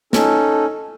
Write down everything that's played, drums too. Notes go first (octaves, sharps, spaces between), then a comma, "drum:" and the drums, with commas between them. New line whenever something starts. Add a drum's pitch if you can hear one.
C#4 D#4 A4, drum: snare